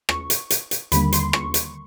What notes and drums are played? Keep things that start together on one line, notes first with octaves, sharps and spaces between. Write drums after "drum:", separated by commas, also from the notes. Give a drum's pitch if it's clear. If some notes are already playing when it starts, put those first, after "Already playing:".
C#6, drum: rim click
drum: hi-hat
drum: hi-hat
drum: hi-hat
D#2 D3 G3 A#3 B5, drum: hi-hat
C6, drum: hi-hat
C#6, drum: rim click
drum: hi-hat